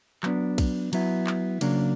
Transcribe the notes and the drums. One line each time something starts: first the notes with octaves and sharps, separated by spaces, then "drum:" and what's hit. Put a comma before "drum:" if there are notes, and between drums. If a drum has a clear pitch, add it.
F#3 B3 D4, drum: clap
drum: kick, cymbal
F#3 B3 E4, drum: cymbal
drum: clap
C#3 F#3 A#3 D4, drum: cymbal